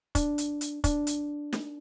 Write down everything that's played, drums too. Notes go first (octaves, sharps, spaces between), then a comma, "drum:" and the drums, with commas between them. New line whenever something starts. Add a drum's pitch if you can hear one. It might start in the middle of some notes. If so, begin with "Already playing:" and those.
D4, drum: kick, hi-hat
drum: hi-hat
drum: hi-hat
D4, drum: kick, hi-hat
drum: hi-hat
drum: snare